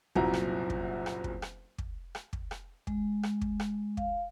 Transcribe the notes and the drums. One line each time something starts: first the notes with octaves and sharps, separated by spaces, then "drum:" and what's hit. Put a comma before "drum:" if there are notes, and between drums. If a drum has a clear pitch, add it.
F#1 C2 A#2 E4 F#4 A#5, drum: kick
drum: rim click
drum: kick
drum: rim click
drum: kick
drum: rim click
drum: kick
drum: rim click
drum: kick
drum: rim click
G#3, drum: kick
drum: rim click
drum: kick
drum: rim click
F5, drum: kick